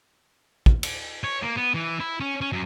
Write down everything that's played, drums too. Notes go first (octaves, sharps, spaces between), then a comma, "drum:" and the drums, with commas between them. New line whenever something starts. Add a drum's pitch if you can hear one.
drum: kick
drum: cymbal
C#5
A#3
B3
E3
E4
C#4
C#4
F#2